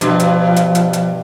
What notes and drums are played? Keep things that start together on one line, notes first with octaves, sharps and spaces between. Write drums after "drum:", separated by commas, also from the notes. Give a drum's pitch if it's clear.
G2 B2 F3, drum: hi-hat
drum: hi-hat
drum: hi-hat
drum: hi-hat
drum: hi-hat